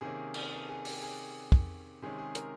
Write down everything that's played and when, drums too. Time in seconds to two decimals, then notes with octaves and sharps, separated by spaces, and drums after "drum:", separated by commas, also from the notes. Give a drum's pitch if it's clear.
0.01 C3 D#3 A#3 C#4 G#4
0.34 drum: cymbal
0.52 G#4
0.69 G#4
0.85 G4, drum: open hi-hat
1.02 G#4
1.52 drum: kick
2.02 C3 D#3 G#3 C#4 G#4
2.18 G#4
2.35 A#4, drum: hi-hat